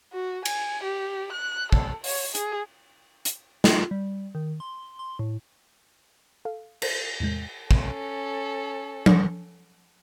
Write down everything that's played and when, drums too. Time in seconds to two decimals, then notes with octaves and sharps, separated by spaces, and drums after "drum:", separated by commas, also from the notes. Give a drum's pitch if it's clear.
0.13 F#4
0.45 G#5, drum: cymbal
0.83 G4
1.32 F#6
1.72 A4, drum: kick
2.04 C#5, drum: open hi-hat
2.35 G#4, drum: hi-hat
3.25 drum: hi-hat
3.64 F4, drum: snare
3.91 G3
4.35 D#3
4.60 C6
4.99 C6
5.19 A2
6.45 A4 F5
6.82 A4 A#4 C5, drum: cymbal
7.20 E2 A2 C3 G#3 G6
7.71 C#4 A4, drum: kick
9.06 drum: tom F3